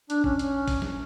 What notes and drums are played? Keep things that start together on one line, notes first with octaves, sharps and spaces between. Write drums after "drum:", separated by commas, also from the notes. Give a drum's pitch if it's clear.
D4, drum: hi-hat
C#4, drum: kick G#1
C#4, drum: hi-hat
drum: kick G#1, open hi-hat
drum: snare